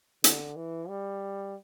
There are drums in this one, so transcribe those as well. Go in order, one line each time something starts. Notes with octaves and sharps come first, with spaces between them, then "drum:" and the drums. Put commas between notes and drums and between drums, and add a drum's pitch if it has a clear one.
D3, drum: hi-hat
E3
G3